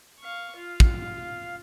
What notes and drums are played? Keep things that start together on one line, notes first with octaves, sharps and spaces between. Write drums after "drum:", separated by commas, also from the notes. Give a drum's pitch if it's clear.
F5 C#6
F4 F5
drum: kick